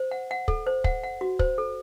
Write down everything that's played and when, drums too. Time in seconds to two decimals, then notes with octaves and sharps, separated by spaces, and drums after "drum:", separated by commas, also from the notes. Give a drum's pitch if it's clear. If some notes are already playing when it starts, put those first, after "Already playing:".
Already playing: C5
0.11 F#5
0.31 F#5
0.48 A4, drum: kick
0.67 C5
0.84 F#5, drum: kick
1.03 F#5
1.21 F#4
1.39 C5, drum: kick
1.58 A4